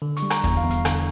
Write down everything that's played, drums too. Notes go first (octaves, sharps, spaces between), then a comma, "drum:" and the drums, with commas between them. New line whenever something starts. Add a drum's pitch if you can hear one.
D3
C#6, drum: hi-hat
G3
A#5, drum: rim click
E2, drum: kick, hi-hat
F5
E2
F5, drum: hi-hat
D3, drum: rim click